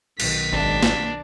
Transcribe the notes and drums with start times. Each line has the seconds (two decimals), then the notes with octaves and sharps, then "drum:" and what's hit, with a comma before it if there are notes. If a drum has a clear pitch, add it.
0.20 B1 D#3 B6, drum: cymbal
0.53 G#1 D4
0.83 drum: snare